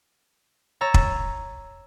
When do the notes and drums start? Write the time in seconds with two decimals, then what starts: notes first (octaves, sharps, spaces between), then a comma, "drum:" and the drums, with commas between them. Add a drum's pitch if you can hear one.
0.81 C#5 A#5 E6 A6
0.94 drum: kick